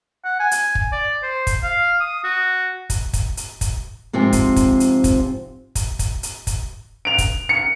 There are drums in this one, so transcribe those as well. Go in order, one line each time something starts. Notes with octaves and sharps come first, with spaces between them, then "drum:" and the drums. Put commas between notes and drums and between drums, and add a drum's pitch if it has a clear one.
F#5
G#5
drum: hi-hat
drum: kick
D5
C5
drum: kick, hi-hat
F5
D#6
F#4
drum: kick, hi-hat
drum: kick, hi-hat
drum: hi-hat
drum: kick, hi-hat
G#2 C3 F3 C4
drum: kick, hi-hat
drum: kick, hi-hat
drum: hi-hat
drum: kick, hi-hat
drum: kick, hi-hat
drum: kick, hi-hat
drum: hi-hat
drum: kick, hi-hat
D7 F7
drum: kick, hi-hat
C#7